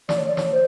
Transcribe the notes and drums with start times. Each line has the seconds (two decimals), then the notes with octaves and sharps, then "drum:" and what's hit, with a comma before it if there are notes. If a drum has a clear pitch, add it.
0.09 D5, drum: snare
0.18 C#5
0.28 D5
0.37 C#5, drum: snare
0.52 C5